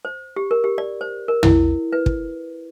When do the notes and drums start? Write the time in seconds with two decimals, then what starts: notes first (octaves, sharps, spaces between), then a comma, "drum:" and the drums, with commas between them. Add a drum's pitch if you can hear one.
0.05 C5
0.36 G4
0.51 A#4
0.64 G4
0.78 D5
1.01 C5
1.28 A#4
1.43 E4, drum: tom
1.92 B4
2.06 drum: kick